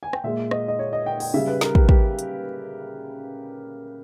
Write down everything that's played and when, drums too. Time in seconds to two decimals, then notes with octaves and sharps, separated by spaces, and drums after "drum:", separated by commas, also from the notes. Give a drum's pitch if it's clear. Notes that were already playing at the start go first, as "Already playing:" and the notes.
0.03 G#5
0.13 G5, drum: rim click
0.24 A#2 G#3 E5
0.51 D#5, drum: rim click
0.68 D#5
0.79 C#5
0.93 D#5
1.06 G5
1.20 G5, drum: open hi-hat
1.34 C#3 G3 E5
1.47 B4
1.61 A#4, drum: snare
1.75 G4, drum: kick
1.89 G4, drum: kick
2.19 drum: hi-hat